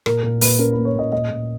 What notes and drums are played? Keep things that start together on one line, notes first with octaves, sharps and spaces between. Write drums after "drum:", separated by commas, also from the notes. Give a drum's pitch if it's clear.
A#2 A#4, drum: rim click
A#2 A#4
A#2 B4, drum: open hi-hat
C#4 A#4
A#3 B4
C#5
A#2 D#5
A#2 D#5
A#2